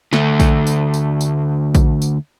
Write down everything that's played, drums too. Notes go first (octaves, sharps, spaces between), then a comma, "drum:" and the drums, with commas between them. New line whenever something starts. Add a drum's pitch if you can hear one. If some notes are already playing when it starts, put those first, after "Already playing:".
D2 A3, drum: snare
drum: kick A#1, tambourine
drum: tambourine
drum: tambourine
drum: tambourine
drum: kick A#1, tambourine
drum: tambourine